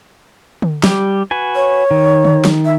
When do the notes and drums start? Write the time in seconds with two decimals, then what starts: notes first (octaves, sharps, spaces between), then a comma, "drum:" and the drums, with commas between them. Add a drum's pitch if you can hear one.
0.62 drum: tom D3
0.84 G3 G4, drum: snare
1.31 F#4 B4 G#5
1.55 C#5
1.91 D#3
2.25 drum: tom D3
2.45 drum: snare
2.65 E5